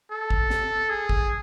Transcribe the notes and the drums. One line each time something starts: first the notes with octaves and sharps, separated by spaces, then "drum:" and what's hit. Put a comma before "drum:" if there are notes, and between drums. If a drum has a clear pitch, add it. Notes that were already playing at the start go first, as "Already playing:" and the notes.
A4
drum: kick
drum: snare
G#4
drum: kick